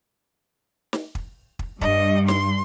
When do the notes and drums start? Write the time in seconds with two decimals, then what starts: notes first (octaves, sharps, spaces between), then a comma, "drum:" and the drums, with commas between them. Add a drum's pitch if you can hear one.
0.93 drum: snare
1.15 drum: kick
1.59 drum: kick
1.81 G2 D#5, drum: kick
2.28 C6, drum: snare